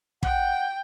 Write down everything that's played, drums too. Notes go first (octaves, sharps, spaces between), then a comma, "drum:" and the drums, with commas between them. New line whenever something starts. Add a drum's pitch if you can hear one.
F#5 G5, drum: kick